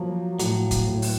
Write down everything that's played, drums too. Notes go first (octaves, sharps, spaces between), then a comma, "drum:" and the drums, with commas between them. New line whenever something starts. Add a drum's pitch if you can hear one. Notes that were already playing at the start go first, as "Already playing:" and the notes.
Already playing: F3 F#3 A#3
A2 F#3, drum: hi-hat
drum: kick C#2, hi-hat
A2
drum: open hi-hat